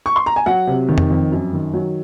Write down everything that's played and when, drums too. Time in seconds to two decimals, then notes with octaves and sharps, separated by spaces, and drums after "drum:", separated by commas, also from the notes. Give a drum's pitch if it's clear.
0.06 C#6
0.16 C6
0.26 A#5
0.36 G#5
0.46 F#3 F#5
0.67 C3
0.89 D#3
0.98 drum: tom F2
1.10 F2
1.31 F#2
1.53 D#3
1.74 F#3